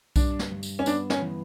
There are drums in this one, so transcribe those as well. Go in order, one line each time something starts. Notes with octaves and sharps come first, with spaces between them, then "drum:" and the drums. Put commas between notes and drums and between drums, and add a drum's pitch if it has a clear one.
G2 D4, drum: kick B1, tambourine
drum: snare
G2
drum: tambourine
C#4
B3 D4, drum: tambourine
C#4, drum: snare
E3